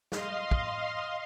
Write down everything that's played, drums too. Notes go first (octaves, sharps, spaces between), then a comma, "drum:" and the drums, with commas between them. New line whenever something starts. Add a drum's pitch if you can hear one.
D#5 F5 C6, drum: snare
drum: kick